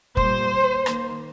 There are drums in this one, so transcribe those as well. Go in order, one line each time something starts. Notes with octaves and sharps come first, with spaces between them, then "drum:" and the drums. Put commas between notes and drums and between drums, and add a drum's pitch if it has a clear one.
A#2 G3 A#3 C5, drum: kick
D#3 A#3, drum: rim click